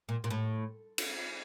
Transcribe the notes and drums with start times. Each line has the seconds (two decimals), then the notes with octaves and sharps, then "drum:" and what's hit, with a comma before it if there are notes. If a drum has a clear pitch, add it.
0.09 A#2
0.24 A#2
0.30 A2
0.98 drum: cymbal